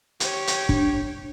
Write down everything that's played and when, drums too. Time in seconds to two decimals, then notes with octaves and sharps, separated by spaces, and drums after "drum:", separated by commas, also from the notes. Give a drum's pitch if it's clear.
0.20 G4 C#5, drum: hi-hat
0.47 drum: hi-hat
0.69 D4, drum: kick